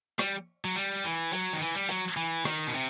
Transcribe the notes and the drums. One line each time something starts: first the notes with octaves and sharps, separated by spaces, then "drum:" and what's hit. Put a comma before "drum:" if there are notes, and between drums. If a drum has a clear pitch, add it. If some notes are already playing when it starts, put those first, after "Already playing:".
G3, drum: rim click
F#3
G3
E3
F#3, drum: hi-hat
D#3
E3
G3
F#3, drum: hi-hat
E3
D#3, drum: rim click
B2
C3